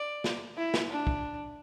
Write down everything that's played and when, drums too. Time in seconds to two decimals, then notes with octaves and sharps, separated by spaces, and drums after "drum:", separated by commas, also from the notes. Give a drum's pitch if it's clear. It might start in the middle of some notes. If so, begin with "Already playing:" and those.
Already playing: D5
0.24 drum: snare
0.57 E4
0.74 drum: snare
0.90 D4
1.07 drum: kick